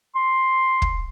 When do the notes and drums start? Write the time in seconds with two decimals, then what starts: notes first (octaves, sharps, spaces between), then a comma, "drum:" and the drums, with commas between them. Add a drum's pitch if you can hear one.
0.15 C6
0.82 drum: kick